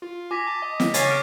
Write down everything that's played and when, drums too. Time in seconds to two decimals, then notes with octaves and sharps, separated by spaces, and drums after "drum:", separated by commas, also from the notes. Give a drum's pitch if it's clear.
0.02 F4
0.31 G#5 D6 A#6 B6
0.47 A5
0.62 D#5
0.80 drum: snare
0.94 C#3 C#4 A6 A#6 C7, drum: hi-hat
1.07 D6 F6 D7